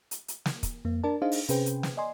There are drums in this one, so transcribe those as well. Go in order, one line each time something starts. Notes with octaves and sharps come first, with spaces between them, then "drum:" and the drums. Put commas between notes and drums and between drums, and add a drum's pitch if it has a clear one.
drum: hi-hat
drum: hi-hat
drum: snare
drum: kick, hi-hat
F2 A#3
D4 A#4 D5 A5
D4 D#4 G#4 C5 D#5 F5
drum: open hi-hat
C3 C#4 G#4 B4 C5 G5, drum: hi-hat
drum: hi-hat
drum: snare
D5 D#5 G#5 C6